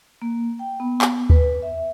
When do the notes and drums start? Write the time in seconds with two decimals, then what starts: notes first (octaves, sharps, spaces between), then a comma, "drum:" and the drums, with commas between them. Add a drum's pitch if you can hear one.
0.22 A#3
0.59 G5
0.80 B3
1.01 drum: clap
1.30 B4, drum: kick D#2
1.62 E5